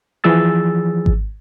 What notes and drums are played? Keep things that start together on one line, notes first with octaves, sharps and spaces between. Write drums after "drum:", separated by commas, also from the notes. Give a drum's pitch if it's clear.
E3 F3 G#4 E6 A6
drum: kick G#1